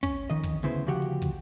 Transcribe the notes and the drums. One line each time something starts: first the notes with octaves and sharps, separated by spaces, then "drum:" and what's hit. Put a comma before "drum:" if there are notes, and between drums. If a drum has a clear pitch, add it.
C#4, drum: kick
F2 D#3 D#5
drum: kick, hi-hat
D2 C#3 B3 E4 C5, drum: hi-hat
D2 C#3 F3 F#4 G4 F#5
drum: hi-hat
drum: kick, hi-hat